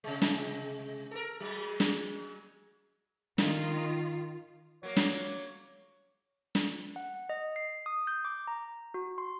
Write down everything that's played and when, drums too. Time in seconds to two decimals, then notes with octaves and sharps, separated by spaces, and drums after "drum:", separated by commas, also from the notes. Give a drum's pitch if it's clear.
0.04 C3 G#3
0.22 drum: snare
1.11 A4 A#4
1.40 F#3 G#3
1.80 drum: snare
3.38 D#3 F4, drum: snare
4.83 F#3 A#3 C#5
4.97 drum: snare
6.55 drum: snare
6.96 F#5
7.29 D#5
7.56 C7
7.86 D#6
8.07 G6
8.25 D6
8.48 A#5
8.94 F#4
9.18 C6